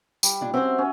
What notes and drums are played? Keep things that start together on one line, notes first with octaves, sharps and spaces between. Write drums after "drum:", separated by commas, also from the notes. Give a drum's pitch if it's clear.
G3, drum: tambourine
A#2 D4
C4 C#4 F#4 B4 C5 E5
C#4 G#5